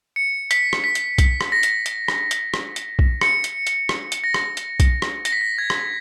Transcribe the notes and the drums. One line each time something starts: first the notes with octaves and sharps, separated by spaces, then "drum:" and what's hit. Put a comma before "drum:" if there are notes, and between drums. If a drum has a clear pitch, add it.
C#7
B6, drum: hi-hat
drum: rim click
B6
drum: hi-hat
B6, drum: kick B1, hi-hat
drum: rim click
A#6
drum: hi-hat
drum: hi-hat
drum: rim click
drum: hi-hat
drum: rim click
drum: hi-hat
drum: kick B1
C#7, drum: rim click
drum: hi-hat
drum: hi-hat
drum: rim click
drum: hi-hat
A#6
drum: rim click
drum: hi-hat
drum: kick B1, hi-hat
drum: rim click
A#6, drum: hi-hat
B6
A#6
G#6
drum: rim click